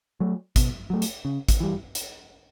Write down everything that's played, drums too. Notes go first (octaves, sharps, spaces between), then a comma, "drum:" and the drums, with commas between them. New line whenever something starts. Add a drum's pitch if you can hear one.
F#3 A3
B2, drum: kick G#1, hi-hat
F#3 A3
drum: hi-hat
C#3
drum: kick G#1, hi-hat
E3 G3
drum: hi-hat